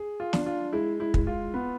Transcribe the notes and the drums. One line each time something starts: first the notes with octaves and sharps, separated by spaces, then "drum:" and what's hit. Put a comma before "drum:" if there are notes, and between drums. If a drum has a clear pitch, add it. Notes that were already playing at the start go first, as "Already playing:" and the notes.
Already playing: G#4
F4
D4, drum: snare
F4
G#3 E4
E4
G#3, drum: kick
F4
B3